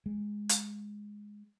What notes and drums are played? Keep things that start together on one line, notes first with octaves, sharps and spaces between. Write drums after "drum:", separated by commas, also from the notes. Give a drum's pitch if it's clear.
G#3
drum: hi-hat